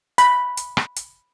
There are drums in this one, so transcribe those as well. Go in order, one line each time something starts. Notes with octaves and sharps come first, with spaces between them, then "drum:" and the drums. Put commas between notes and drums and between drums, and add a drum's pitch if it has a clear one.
B5, drum: hi-hat
drum: hi-hat
drum: rim click
drum: hi-hat